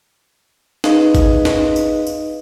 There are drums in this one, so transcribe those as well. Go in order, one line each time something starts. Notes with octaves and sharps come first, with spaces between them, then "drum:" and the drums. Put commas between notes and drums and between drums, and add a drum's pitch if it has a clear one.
D#4 G#4 B4 D#5 F5, drum: snare
drum: kick, tambourine
drum: snare
drum: tambourine
drum: tambourine